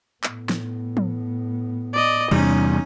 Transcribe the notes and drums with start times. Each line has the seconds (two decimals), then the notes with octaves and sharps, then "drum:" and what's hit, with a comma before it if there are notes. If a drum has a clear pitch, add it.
0.24 A2 B3, drum: clap
0.49 drum: snare
0.97 drum: tom
1.93 D5 D#5
2.31 E2 C3 G3 C#4 D#4, drum: cymbal